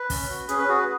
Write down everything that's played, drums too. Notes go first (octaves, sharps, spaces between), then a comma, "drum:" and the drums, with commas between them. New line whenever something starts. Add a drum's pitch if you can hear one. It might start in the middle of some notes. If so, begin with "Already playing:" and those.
Already playing: B4
C#4, drum: kick, open hi-hat
F#4
C#4 G#4, drum: hi-hat
B4
F#4 G#4
B4